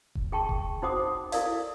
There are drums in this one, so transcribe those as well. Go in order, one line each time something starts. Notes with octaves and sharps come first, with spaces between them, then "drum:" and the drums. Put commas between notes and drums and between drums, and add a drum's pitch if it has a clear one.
drum: kick E1
G#4 G5 A5 C#6
drum: kick E1
D#4 F#4 C5 F#5 D6 D#6
E4 A4 A#4 D5 F5, drum: hi-hat